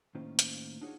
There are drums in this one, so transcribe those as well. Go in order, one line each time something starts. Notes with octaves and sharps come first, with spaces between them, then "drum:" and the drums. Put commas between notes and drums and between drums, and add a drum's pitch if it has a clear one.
A2 D#3 A#3 C#4 F4 C5
drum: hi-hat
D4 D#4 F4 F#4 G#4 C#5